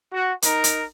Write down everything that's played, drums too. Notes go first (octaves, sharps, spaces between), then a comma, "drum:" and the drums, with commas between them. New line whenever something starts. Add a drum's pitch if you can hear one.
F#4
D#4 A#4, drum: hi-hat
drum: hi-hat